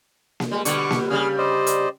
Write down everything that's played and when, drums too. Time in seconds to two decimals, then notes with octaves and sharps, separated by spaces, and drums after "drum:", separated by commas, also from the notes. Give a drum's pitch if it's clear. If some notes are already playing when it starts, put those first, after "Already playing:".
0.40 drum: snare A#3
0.51 G3 G#3
0.65 B2 D3 G3 C#6 D6, drum: hi-hat
0.91 drum: snare A#3
1.10 C#3 G3 G#4 F6
1.38 C5 D5 D#5
1.67 drum: hi-hat